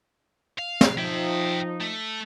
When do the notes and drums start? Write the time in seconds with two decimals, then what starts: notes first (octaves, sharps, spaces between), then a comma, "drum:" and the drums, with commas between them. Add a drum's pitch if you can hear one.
0.58 F5
0.81 drum: snare
0.98 F3 D#4 E5 G5
1.80 A3